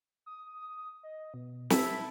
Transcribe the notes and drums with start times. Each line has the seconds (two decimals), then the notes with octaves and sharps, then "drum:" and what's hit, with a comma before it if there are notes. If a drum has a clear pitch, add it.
0.26 D#6
1.03 D#5
1.34 B2
1.70 E4 A4 B6, drum: snare